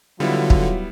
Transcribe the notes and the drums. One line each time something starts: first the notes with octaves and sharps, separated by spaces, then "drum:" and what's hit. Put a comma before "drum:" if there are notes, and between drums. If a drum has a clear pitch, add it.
D3 F#3 G3 B3 E4 F4
drum: kick